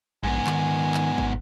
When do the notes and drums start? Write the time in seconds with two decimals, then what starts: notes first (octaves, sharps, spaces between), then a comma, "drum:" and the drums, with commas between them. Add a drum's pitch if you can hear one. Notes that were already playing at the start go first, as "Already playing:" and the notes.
0.23 A#1 G#2 B3 G#5
0.47 D#3, drum: clap
0.94 drum: clap
1.18 drum: kick G#1